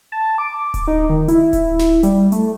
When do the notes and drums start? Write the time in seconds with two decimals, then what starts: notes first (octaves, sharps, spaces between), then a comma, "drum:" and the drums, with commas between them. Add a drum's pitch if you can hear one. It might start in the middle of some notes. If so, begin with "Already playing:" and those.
0.12 A5
0.38 D6
0.74 drum: kick D1, hi-hat
0.88 D#4
1.10 D#3
1.28 E4, drum: hi-hat
1.53 drum: kick D1, hi-hat
1.79 drum: snare
2.03 G3, drum: hi-hat
2.32 A3, drum: hi-hat